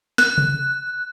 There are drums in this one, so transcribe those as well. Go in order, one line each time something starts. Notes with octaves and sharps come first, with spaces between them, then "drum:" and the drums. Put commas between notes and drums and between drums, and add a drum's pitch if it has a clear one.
F#6, drum: snare
drum: tom C3